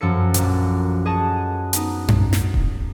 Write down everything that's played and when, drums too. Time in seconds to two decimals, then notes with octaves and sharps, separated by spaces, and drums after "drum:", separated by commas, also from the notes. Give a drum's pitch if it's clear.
0.01 F#2 F3 A4 C#7
0.34 A#1 A#2, drum: hi-hat
1.05 F#4 G#4 D#5 F#5 A5
1.73 B3 D#4, drum: hi-hat
2.08 drum: tom F#2
2.33 drum: snare
2.54 drum: kick D#1